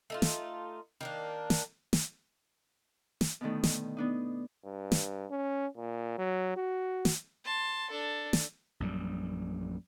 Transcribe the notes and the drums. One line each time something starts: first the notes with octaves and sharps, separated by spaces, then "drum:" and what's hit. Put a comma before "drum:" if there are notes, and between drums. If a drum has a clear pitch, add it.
A3 D#4 F4
drum: snare
D#3 A#3 D4
drum: snare
drum: snare
drum: snare
B2 D3 D#3 A3
drum: snare
B3 D4 D#4
G2
drum: snare
C#4
A#2
F#3
F#4
drum: snare
A5 C6
D4 A4
drum: snare
A#1 F#2 G3